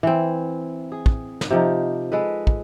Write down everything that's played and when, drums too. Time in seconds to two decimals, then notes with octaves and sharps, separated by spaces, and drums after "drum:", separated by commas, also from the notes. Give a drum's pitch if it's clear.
0.03 E3 C4
0.92 G#4
1.06 drum: kick
1.41 drum: snare
1.51 C3 F3 D#4
2.12 G#3 A4 B4
2.47 drum: kick